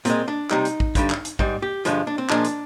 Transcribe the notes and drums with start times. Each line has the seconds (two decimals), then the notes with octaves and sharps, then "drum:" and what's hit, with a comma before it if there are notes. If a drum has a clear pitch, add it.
0.05 A#2 G#3 C4, drum: hi-hat
0.28 D4
0.51 C3 G3 D#4, drum: clap
0.65 drum: hi-hat
0.80 drum: kick
0.95 G2 D3 G3, drum: kick, hi-hat
1.10 drum: clap
1.25 drum: hi-hat
1.39 G#2 G3, drum: kick
1.62 G4
1.85 G2 D3 F3 G#3, drum: hi-hat
2.07 D4
2.18 C4
2.30 A#2 F3 G#3 D4, drum: clap
2.45 drum: hi-hat